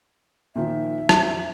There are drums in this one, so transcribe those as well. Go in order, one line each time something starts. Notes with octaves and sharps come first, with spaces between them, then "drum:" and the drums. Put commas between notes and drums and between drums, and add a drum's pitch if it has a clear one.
A#2 D#3 F3 E5
F2 F#3, drum: rim click